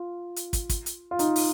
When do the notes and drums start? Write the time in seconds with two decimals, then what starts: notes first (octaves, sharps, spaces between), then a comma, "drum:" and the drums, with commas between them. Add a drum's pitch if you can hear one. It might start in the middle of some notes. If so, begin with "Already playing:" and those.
Already playing: F4
0.36 drum: hi-hat
0.53 drum: kick, hi-hat
0.69 drum: kick, hi-hat
0.86 drum: hi-hat
1.11 F4
1.19 D#4, drum: hi-hat
1.36 drum: open hi-hat